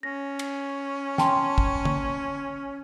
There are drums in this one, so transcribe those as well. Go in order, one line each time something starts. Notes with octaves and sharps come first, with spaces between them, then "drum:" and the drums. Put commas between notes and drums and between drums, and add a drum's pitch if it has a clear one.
C#4 A#6
drum: cymbal
G5 A5 C6, drum: snare
drum: kick
drum: tom